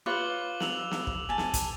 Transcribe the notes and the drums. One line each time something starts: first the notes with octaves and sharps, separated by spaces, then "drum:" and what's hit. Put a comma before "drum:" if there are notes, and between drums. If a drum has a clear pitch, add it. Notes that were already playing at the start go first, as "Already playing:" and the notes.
F4 B4 C#5 D6 F#7 G7
E6 F7 F#7, drum: snare
drum: snare
drum: kick
G#5 A5
drum: snare
drum: kick, hi-hat